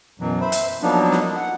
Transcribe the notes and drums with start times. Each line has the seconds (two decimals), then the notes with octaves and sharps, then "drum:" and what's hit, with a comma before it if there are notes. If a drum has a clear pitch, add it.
0.20 F#2 B2 E3 F#3
0.41 C5 E5 B5
0.52 drum: hi-hat
0.82 F3 F#3 A#3 B3 D4 D#4
1.12 drum: snare
1.36 F#5